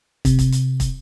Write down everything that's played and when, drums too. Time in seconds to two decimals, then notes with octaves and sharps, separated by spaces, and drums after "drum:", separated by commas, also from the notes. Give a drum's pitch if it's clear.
0.25 C3, drum: kick, hi-hat
0.39 drum: kick, hi-hat
0.52 drum: hi-hat
0.80 drum: kick, hi-hat